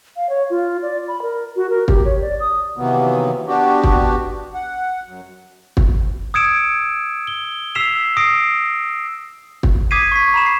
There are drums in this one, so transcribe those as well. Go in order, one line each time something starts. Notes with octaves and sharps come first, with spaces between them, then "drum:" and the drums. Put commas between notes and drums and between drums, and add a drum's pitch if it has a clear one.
F5
C#5
F4
D5
B5
A#4
F#4
A#4
G4, drum: kick
C#5
D5
D#6
C3 D#3 E3 F#3 A#3 B3
B3 D4 F#4 G4
drum: kick
F#5
F#2
drum: kick
D#6 E6 G#6 C#7 D7 E7
G7
E6 B6 C7 E7 F7
D#6 A#6 C7 D7
drum: kick
D6 D#6 G#6 B6 C7 D#7
C#6 B6
A#5 B5 E7
C7